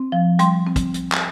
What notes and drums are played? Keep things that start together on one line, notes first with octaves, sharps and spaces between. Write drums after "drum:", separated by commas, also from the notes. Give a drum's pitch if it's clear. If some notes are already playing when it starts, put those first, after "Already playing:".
Already playing: C4
F3
G3 C6, drum: hi-hat
C4
drum: kick, hi-hat
drum: hi-hat
drum: clap